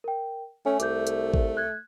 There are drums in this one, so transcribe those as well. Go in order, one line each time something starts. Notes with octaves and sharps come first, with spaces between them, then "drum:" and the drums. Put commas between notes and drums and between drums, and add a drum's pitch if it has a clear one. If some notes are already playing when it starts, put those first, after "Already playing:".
A#4 G5
A3 C#4 A4 G#5
C2 D6 G6, drum: hi-hat
drum: hi-hat
drum: kick
F#6 G#6